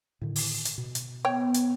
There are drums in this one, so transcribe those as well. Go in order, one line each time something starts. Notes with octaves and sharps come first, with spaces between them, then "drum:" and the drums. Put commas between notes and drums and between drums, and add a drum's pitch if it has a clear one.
A2 D3 D#3
drum: open hi-hat
drum: hi-hat
B2
drum: hi-hat
B3 C#5 G5
drum: hi-hat